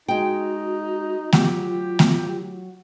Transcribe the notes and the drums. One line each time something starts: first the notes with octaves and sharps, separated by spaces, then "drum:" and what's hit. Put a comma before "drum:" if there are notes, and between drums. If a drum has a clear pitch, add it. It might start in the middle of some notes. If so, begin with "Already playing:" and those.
G#3 D#4 F#4 G5
F#3 F4 G4, drum: snare A3
drum: snare A3